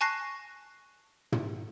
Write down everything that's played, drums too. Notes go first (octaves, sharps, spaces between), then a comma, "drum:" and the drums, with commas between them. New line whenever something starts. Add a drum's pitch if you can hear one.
G#5 A5 C#6 F#6 A#6 C7
drum: tom